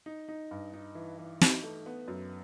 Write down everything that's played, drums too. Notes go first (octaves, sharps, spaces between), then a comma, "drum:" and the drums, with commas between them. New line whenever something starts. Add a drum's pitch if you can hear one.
D#4
D#4
G2
D#4
E3
E3
D#4, drum: snare
A3
B3
F#2